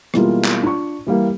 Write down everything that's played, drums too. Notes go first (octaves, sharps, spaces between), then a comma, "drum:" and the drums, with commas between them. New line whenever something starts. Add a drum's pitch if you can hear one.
B2 E3 G3 G#3 A#3 F4, drum: rim click
drum: clap
D4 F4 C#6
E3 G3 A#3